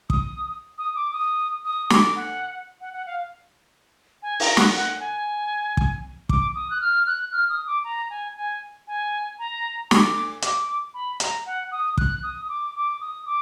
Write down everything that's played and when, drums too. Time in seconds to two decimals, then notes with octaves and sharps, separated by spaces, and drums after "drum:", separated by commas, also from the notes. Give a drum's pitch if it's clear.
0.10 D#6, drum: kick
0.78 D#6
0.95 D6
1.13 D#6
1.65 D#6
1.90 D6, drum: snare
2.16 F#5
2.81 F#5
2.93 F#5
3.06 F5
4.22 G#5
4.40 A#5, drum: open hi-hat
4.57 F#5, drum: snare
4.75 F#5
5.00 G#5
5.77 drum: kick
6.29 D6, drum: kick
6.55 D#6
6.70 F#6
6.81 F6
7.07 F#6
7.32 F6
7.50 D#6
7.67 D6
7.84 A#5
8.10 G#5
8.36 G#5
8.87 G#5
9.39 A#5
9.91 D6, drum: snare
10.42 D6, drum: hi-hat
10.94 B5
11.20 A#5, drum: hi-hat
11.46 F#5
11.72 D#6
11.97 F#6, drum: kick
12.23 D#6
12.49 D6
12.75 D6
13.01 D#6
13.26 D6